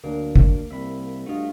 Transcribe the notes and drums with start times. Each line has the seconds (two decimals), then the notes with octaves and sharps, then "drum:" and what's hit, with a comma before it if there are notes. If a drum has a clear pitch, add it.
0.04 D2 F#3 A#3 D4 A#4
0.36 drum: kick
0.71 C2 E5 B5
1.26 G2 A3 F4 F#4 D#5